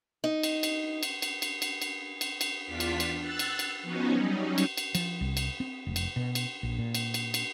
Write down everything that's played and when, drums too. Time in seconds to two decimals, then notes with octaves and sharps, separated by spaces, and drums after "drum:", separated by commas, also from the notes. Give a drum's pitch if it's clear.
0.24 D#4
0.43 drum: cymbal
0.63 drum: cymbal
1.03 drum: cymbal
1.22 drum: cymbal
1.42 drum: cymbal
1.62 drum: cymbal
1.82 drum: cymbal
2.21 drum: cymbal
2.41 drum: cymbal
2.65 E2 D4 F4 B6
2.80 drum: cymbal
3.00 drum: cymbal
3.20 E6 F#6 A6
3.39 drum: cymbal
3.59 drum: cymbal
3.83 F3 B3 C#4 D#4 F#4
4.13 F#3 G3 C#4 D#4
4.58 drum: cymbal
4.77 drum: cymbal
4.95 F3, drum: cymbal
5.21 C2
5.37 drum: cymbal
5.60 C4
5.87 F1
5.96 drum: cymbal
6.16 B2
6.35 drum: cymbal
6.63 A#1
6.78 A#2
6.95 drum: cymbal
7.14 drum: cymbal
7.34 drum: cymbal